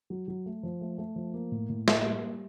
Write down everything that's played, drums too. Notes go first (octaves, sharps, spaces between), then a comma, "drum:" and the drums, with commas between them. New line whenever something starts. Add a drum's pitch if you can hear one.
F#3
F#3
A3
F3
A3
A3
F3
A#3
A2
A2
A#3, drum: snare
G3
G3